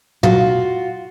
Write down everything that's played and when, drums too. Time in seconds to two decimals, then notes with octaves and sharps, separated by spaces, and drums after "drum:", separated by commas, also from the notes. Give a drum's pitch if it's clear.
0.23 F4 F#4, drum: tom